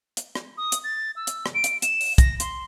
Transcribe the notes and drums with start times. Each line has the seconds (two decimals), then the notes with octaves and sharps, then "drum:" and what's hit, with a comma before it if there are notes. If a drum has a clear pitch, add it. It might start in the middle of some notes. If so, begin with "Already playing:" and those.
0.17 drum: hi-hat
0.35 drum: rim click
0.58 D#6
0.72 drum: hi-hat
0.84 A6
1.16 E6
1.27 drum: hi-hat
1.46 drum: rim click
1.55 D7
1.64 drum: hi-hat
1.82 E7, drum: hi-hat
2.01 drum: open hi-hat
2.18 A#6, drum: kick, hi-hat
2.40 C6, drum: hi-hat